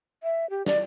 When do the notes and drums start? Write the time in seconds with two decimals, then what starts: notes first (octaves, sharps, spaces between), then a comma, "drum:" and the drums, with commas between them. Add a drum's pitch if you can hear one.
0.23 E5
0.50 G4
0.66 D5, drum: snare